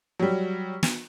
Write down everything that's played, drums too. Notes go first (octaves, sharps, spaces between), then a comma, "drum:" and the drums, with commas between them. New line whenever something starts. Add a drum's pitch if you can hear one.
F#3 G3
drum: snare